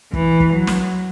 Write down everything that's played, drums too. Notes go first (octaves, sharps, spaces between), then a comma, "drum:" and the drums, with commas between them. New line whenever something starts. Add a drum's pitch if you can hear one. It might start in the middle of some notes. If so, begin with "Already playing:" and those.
E3, drum: kick
drum: kick
F#3
drum: snare